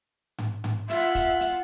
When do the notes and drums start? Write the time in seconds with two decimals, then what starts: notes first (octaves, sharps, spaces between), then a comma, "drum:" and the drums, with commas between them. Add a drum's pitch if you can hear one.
0.38 drum: tom G#2
0.64 drum: tom G#2
0.89 F4 E5 F#5, drum: hi-hat
1.15 drum: kick, hi-hat
1.40 drum: hi-hat